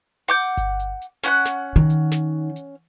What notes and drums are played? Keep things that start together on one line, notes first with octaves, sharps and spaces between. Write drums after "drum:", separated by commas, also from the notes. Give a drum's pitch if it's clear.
F#5 D6 G6
drum: kick G1, hi-hat
drum: hi-hat
drum: hi-hat
C#4 F#5 F#6, drum: snare
drum: snare
D#3
drum: hi-hat
drum: snare
drum: hi-hat